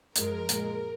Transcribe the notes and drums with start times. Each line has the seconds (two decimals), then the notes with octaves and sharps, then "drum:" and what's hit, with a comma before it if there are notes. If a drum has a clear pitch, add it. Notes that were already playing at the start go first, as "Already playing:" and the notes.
0.16 F#2 F3 G#3 A#4, drum: hi-hat
0.49 A#2 G#3, drum: hi-hat